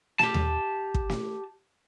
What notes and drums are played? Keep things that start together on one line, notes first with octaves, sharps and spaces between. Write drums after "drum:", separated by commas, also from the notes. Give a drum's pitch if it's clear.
G4 A5, drum: snare
drum: tom D#2
drum: kick
drum: snare